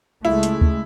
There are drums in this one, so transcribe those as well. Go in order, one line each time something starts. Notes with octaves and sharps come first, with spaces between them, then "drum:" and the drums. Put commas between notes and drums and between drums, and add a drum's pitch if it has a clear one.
C#2 G#3 A3 E4
drum: hi-hat
drum: kick D2